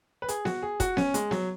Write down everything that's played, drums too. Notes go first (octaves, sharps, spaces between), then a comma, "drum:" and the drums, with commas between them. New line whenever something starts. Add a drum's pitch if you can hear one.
B4
G#4, drum: hi-hat
F#4, drum: snare B3
G#4
F#4, drum: kick, hi-hat
C#4, drum: snare B3
G#3, drum: hi-hat
F#3, drum: snare B3